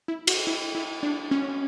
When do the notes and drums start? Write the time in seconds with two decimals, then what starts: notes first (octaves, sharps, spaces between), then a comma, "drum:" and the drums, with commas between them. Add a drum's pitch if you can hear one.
0.08 E4
0.27 F#4, drum: cymbal
0.47 E4
0.75 E4
1.03 D4
1.31 C#4